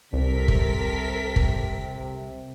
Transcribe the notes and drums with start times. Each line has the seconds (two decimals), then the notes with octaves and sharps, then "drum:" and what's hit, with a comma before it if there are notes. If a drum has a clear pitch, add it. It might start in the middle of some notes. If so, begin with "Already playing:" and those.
0.13 C2 C3 A4 A#4 B6
0.48 drum: kick
1.36 drum: kick